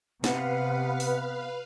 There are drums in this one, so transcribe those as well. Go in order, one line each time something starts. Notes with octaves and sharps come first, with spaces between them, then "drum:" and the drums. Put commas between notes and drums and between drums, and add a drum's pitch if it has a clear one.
C3 B3 B4 F5 F#5, drum: snare
drum: open hi-hat